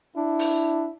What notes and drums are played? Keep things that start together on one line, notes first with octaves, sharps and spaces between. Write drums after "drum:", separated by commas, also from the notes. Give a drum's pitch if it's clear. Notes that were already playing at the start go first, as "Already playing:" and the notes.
D4 E4
drum: open hi-hat